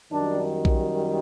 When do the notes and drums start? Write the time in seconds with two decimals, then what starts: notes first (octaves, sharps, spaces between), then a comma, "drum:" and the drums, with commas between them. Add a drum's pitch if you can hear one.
0.11 F#2 D#3 G3 D4
0.65 drum: kick A#1